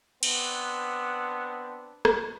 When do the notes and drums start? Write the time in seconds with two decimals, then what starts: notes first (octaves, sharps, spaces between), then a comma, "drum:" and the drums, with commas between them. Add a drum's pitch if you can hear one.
0.23 B3 C4 D4, drum: cymbal
2.05 drum: rim click